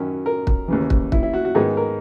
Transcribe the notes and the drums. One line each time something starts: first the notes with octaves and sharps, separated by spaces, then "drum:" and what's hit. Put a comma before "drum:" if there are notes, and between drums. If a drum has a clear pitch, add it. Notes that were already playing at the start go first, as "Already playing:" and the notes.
Already playing: F#2 D#3 F#3 C#4
A#4
drum: kick
D#2 C#3 E3
drum: kick
E4, drum: kick
E4
F#4
F#4
G#2 D#3 G#3 B3 G#4
A#4